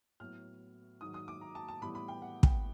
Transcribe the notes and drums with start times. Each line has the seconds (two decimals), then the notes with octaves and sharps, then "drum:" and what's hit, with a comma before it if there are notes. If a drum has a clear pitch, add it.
0.20 A2 F#3 B3 F6
1.01 G#2 D#3 F#3 D#6
1.14 D#6
1.28 D6
1.41 A#5
1.55 A5
1.68 A5
1.81 A2 E3 G3 B3 B5
1.95 B5
2.08 G5
2.22 F#5
2.43 G5, drum: kick